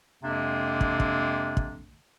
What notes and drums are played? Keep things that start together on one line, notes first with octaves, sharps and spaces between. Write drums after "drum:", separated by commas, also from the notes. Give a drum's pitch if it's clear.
F2 C3 G#3 A#3 D4
drum: kick
drum: kick
drum: kick